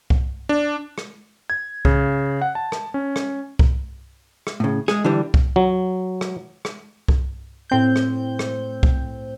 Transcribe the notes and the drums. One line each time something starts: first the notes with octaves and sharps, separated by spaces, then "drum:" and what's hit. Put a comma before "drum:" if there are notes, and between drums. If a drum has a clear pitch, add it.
drum: kick C2
D4
drum: rim click
G#6
C#3, drum: kick C2
F#5
A5
drum: rim click
C#4
drum: rim click
drum: kick C2
drum: rim click
A2 C#3
G#3 G#4, drum: rim click
D3 E3 G3
drum: kick C2
F#3
drum: rim click
drum: rim click
drum: kick C2
A2 C4 G6
drum: rim click
drum: rim click
drum: kick C2